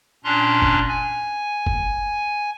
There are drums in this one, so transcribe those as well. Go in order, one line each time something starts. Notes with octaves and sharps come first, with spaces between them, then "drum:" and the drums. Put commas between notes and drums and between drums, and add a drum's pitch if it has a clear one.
A#2 C#4 D4 A#5 C6 F#6
drum: kick
G#5
drum: kick